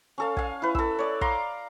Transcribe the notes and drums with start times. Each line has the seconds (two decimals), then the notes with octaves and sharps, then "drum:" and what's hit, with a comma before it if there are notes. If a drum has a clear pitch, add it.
0.18 C#4 A4 F5
0.37 F5 G#5, drum: kick
0.62 E4 B4
0.75 A4 E6, drum: kick
0.99 C#5 D5
1.21 F5 A#5 C6 D6, drum: kick